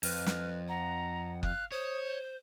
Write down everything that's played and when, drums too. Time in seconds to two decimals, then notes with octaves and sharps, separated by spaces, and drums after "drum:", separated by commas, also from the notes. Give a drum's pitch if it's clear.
0.03 F2 B4 F6, drum: open hi-hat
0.26 drum: snare
0.68 F#5 A#5
1.43 F5 F#6, drum: kick F#1
1.72 C5 C#5 D#6
2.07 G6